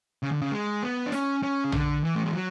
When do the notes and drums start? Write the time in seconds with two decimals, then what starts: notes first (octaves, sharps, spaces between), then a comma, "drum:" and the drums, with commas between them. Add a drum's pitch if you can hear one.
0.23 C#3
0.32 D3
0.42 C#3
0.52 G#3
0.82 B3
1.06 D4
1.12 C#4, drum: snare
1.43 C#4
1.64 C#3
1.72 D3, drum: tom A#1
2.04 E3
2.15 A3
2.25 G#3
2.33 F#3